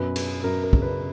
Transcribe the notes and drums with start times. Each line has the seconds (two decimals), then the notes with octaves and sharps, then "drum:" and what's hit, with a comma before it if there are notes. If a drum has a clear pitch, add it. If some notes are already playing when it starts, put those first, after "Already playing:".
Already playing: F#2 B2 B4
0.16 B3, drum: cymbal
0.44 F#2 A#4
0.64 A#4
0.73 C#3, drum: kick
0.82 B4